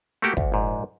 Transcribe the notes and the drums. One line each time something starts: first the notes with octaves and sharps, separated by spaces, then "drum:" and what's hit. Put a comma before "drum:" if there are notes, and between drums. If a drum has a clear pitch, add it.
A3 A#3 F#4 G4
D2, drum: kick
A#1 G#2